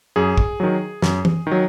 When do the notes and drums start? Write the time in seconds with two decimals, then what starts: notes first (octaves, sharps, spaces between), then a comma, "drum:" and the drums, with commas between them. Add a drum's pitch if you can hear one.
0.16 F#2 G#4
0.38 drum: kick
0.60 D#3 F#3
1.02 F#2, drum: snare
1.25 drum: tom
1.47 D#3 F#3